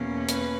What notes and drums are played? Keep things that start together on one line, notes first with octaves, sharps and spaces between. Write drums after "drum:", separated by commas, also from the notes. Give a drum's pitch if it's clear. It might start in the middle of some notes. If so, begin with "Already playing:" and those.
Already playing: E2 B2 A#3 C#4
B4, drum: hi-hat